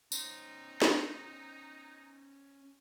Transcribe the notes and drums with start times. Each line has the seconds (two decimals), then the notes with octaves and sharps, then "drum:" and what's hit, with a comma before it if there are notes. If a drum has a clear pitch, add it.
0.12 C#4 D#4 C5, drum: tambourine
0.82 drum: snare